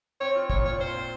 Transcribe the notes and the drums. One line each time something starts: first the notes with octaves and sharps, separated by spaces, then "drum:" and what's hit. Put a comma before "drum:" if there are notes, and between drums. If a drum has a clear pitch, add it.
C4 C#5
F4
A#2 C#5, drum: kick
F4 C#5
C4 C5
F4